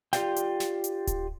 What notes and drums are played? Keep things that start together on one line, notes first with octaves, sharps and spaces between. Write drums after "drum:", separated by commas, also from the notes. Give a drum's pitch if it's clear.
F4 G4 A#4 D5 F5 G5, drum: snare
drum: hi-hat
drum: snare
drum: hi-hat
drum: kick D1, hi-hat